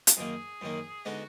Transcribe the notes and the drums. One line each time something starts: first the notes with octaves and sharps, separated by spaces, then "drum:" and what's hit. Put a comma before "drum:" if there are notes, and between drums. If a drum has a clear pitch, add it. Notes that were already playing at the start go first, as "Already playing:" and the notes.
drum: hi-hat
F#2 D#3 A#3 G#4
F#2 D#3 A#3
D3 G#3 B3 D#4 F#4